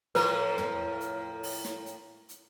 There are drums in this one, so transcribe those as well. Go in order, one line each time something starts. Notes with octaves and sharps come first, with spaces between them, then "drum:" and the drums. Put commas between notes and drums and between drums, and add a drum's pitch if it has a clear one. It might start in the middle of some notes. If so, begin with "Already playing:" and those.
A2 F3 A#4 B4, drum: snare
drum: tom
drum: hi-hat
drum: open hi-hat
drum: snare
drum: hi-hat
drum: hi-hat